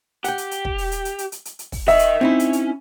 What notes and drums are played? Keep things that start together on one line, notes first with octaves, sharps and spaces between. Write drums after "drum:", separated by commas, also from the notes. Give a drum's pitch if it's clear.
G4 F#5 G5, drum: hi-hat
drum: hi-hat
drum: hi-hat
drum: kick
drum: open hi-hat
drum: hi-hat
drum: hi-hat
drum: hi-hat
drum: hi-hat
drum: hi-hat
drum: hi-hat
drum: kick, open hi-hat
A#4 C#5 D#5 E5, drum: open hi-hat
drum: hi-hat
C4 C#4 D#4 E4
drum: hi-hat
drum: hi-hat